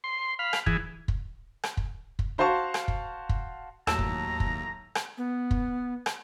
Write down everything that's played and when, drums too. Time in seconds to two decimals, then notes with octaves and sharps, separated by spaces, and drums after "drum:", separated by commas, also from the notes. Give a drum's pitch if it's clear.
0.04 C6
0.39 F5 B5
0.53 drum: rim click
0.66 E3 G#4, drum: kick
1.08 drum: kick
1.63 drum: rim click
1.77 drum: kick
2.19 drum: kick
2.38 F#4 C5 F5 A5 C#6
2.74 drum: rim click
2.88 drum: kick
3.29 drum: kick
3.87 D#2 A2 F#3 A5 A#5 E6, drum: rim click
3.99 drum: kick
4.40 drum: kick
4.95 drum: rim click
5.18 B3
5.51 drum: kick
6.06 drum: rim click